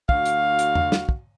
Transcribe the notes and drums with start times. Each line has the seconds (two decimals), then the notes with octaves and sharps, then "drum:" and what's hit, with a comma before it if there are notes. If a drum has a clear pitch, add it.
0.09 D2 F#4 F5, drum: kick
0.26 drum: hi-hat
0.59 drum: hi-hat
0.75 drum: tom E2
0.92 drum: snare
1.09 drum: kick